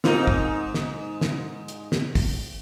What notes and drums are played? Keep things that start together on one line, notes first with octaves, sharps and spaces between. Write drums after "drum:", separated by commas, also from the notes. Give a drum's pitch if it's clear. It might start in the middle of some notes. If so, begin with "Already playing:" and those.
G#2 C4 D#4 F4 A#4, drum: snare
drum: kick
drum: snare
drum: snare
drum: hi-hat
drum: snare
drum: kick, open hi-hat